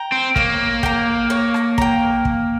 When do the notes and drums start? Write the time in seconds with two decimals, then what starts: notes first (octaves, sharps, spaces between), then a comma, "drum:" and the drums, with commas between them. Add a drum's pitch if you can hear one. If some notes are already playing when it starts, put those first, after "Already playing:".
Already playing: G5 A#5
0.12 C4
0.36 A#3 C#5, drum: kick
0.83 G5 A#5, drum: kick
1.30 C#5
1.54 drum: rim click
1.78 G5 A#5, drum: kick
2.25 drum: kick